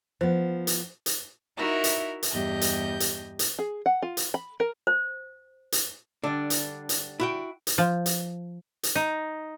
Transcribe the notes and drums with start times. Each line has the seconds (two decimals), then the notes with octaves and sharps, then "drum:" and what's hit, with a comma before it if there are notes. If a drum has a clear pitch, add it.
0.21 F3 B3 C5
0.67 drum: hi-hat
1.06 drum: hi-hat
1.58 D#4 E4 F#4 A#4 E5
1.84 drum: hi-hat
2.23 drum: hi-hat
2.32 E2 G2 G4 D#5 G6
2.61 drum: hi-hat
3.00 drum: hi-hat
3.39 drum: hi-hat
3.59 G#4
3.86 F#5
4.02 F4
4.17 drum: hi-hat
4.34 B5
4.60 A#4
4.87 C5
5.72 drum: hi-hat
6.24 D3 G3 D4
6.50 drum: hi-hat
6.89 drum: hi-hat
7.20 E4 F#4 G5
7.67 drum: hi-hat
7.78 F3
8.06 drum: hi-hat
8.83 drum: hi-hat
8.95 D#4